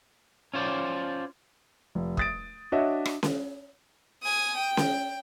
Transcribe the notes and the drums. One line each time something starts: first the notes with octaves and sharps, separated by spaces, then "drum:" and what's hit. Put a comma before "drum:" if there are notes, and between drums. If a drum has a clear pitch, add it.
C#4 F4 C5 D5
F1
D#6 A6 D7, drum: kick
D4 F#4 C#5 D#5 E5
drum: rim click
drum: snare C#4
G#5 D#6
G5
drum: snare C#4